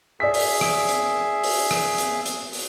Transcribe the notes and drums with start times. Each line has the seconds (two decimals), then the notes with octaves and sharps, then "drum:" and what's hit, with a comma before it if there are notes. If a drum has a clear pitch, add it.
0.20 G#4 D5 E5 B6
0.34 drum: open hi-hat
0.61 drum: rim click
0.89 drum: hi-hat
1.43 drum: open hi-hat
1.71 drum: rim click
1.98 drum: hi-hat
2.26 drum: hi-hat
2.53 drum: open hi-hat